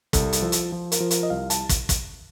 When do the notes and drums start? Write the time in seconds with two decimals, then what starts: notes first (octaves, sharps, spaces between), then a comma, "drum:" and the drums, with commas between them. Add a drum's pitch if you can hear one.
0.13 C2 A4, drum: kick, hi-hat
0.33 drum: hi-hat
0.42 F3
0.52 drum: hi-hat
0.72 F3
0.92 A#4, drum: hi-hat
1.00 F3
1.11 A#4, drum: hi-hat
1.23 D#5
1.30 C2 F5
1.50 A5, drum: hi-hat
1.69 drum: kick, hi-hat
1.89 drum: kick, hi-hat